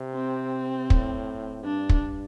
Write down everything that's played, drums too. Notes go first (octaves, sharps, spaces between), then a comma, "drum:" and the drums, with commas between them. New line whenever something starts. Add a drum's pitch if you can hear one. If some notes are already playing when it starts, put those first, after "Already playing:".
Already playing: C3
C4
A2, drum: kick
G2 D4
drum: kick